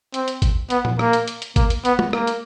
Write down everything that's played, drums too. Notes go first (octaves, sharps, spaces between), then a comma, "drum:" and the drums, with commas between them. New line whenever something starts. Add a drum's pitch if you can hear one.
C4, drum: hi-hat
drum: hi-hat
drum: kick G#1, hi-hat
B3, drum: hi-hat
drum: tom A#2
A#3, drum: rim click
drum: hi-hat
drum: hi-hat
drum: hi-hat
A#3, drum: kick G#1, hi-hat
drum: hi-hat
B3, drum: hi-hat
drum: tom
A#3, drum: rim click
drum: hi-hat